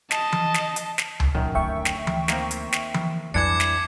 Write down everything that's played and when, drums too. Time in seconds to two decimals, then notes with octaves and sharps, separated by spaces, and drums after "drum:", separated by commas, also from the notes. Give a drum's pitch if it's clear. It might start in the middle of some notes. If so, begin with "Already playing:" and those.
0.11 D#5 A5, drum: snare
0.32 drum: tom E3
0.54 drum: snare
0.76 drum: hi-hat
0.98 drum: snare
1.20 drum: tom C#2
1.35 F#2 A#2 D#3
1.55 D2 D3 E5 G5 C#6
1.85 drum: snare
2.07 drum: tom E3
2.28 D#3 A#3 C4, drum: snare
2.51 drum: hi-hat
2.72 drum: snare
2.94 drum: tom E3
3.34 F2 E3 G3 D4 D6 G#6 C#7
3.60 drum: snare